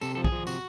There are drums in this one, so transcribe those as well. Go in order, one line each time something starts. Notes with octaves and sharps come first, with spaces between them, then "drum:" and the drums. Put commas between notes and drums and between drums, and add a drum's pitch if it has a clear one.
C3 A4, drum: tambourine
F3 A4
G#4, drum: kick
F3
C3 F#4, drum: tambourine